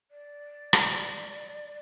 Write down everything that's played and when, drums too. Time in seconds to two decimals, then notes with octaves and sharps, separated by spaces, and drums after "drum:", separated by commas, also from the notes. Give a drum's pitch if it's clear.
0.11 D5
0.73 drum: rim click